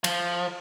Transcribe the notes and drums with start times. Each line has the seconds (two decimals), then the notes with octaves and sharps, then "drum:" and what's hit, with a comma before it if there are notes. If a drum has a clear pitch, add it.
0.04 F3, drum: cymbal